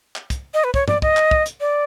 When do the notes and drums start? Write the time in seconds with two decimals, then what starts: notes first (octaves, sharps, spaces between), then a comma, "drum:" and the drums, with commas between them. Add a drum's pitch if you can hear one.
0.16 drum: clap
0.30 drum: kick, hi-hat
0.54 D#5
0.64 B4
0.74 C#5, drum: kick
0.88 D5, drum: tom G2
1.02 D#5, drum: kick
1.17 drum: clap
1.31 drum: kick
1.46 drum: hi-hat
1.60 D5